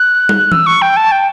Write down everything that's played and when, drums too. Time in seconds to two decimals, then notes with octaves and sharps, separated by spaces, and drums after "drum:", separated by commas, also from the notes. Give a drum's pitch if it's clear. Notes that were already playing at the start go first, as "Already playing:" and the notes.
Already playing: F#6
0.29 drum: tom
0.52 E6, drum: tom E3
0.66 C#6
0.82 G5
0.97 A5
1.12 G5